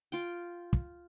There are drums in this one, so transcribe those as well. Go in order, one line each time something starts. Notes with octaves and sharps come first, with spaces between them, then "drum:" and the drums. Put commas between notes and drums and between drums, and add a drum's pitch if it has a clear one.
F4 G5
drum: kick